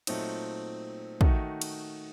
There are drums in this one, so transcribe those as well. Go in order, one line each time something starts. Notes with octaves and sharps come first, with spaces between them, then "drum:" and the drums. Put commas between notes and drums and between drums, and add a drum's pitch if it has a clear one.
A#2 F#3 A3 C4 D#4, drum: cymbal
D#3 A3 D#4 F#4, drum: kick
drum: cymbal